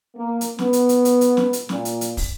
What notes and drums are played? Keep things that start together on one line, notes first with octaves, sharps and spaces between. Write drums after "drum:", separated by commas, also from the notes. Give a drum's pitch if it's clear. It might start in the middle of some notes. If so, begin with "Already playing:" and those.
A#3
drum: hi-hat
B3, drum: snare
drum: hi-hat
drum: hi-hat
drum: hi-hat
drum: hi-hat
drum: snare
drum: hi-hat
A#2, drum: snare
drum: hi-hat
drum: hi-hat
drum: kick, open hi-hat